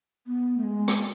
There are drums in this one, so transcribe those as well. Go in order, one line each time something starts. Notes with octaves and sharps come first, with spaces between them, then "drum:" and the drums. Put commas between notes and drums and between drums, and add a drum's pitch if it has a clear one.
B3
A3
G#3
drum: rim click